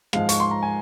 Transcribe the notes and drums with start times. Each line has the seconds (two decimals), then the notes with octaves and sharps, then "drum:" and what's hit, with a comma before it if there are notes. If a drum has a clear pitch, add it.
0.13 G#2 F3 G#3 F5, drum: rim click
0.29 C#6, drum: hi-hat
0.40 C6
0.51 A#5
0.63 G#5